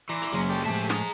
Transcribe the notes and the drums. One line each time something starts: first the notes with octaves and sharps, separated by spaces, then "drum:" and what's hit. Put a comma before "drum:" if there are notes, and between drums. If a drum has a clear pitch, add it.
E3 D5 A#5 C6
drum: hi-hat
F#1 F#3 G#3 C#4
G4 A4 D5
A2 F3 G#3 G4 E5 A5
G#4 A#5 D#6, drum: snare